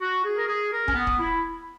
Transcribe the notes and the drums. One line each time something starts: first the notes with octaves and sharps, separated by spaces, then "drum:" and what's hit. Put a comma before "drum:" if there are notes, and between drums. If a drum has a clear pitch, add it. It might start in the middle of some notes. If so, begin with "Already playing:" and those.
F#4
G#4
A#4
G#4
A#4
C#4, drum: kick
B3
drum: kick
E4